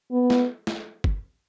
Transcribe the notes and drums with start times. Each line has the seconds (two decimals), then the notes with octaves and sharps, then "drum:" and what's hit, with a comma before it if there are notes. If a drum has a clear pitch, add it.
0.12 B3
0.30 drum: snare
0.67 drum: snare
1.04 drum: kick G1